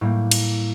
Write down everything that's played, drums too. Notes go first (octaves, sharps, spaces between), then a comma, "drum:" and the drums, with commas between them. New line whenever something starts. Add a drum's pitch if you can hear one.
A2 G3 A#3
drum: cymbal